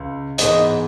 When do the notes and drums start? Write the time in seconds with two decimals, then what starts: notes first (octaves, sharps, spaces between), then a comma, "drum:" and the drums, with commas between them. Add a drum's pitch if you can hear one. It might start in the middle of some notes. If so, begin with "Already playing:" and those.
Already playing: C#2
0.38 G#2 E3 G#3 B3 D#5, drum: hi-hat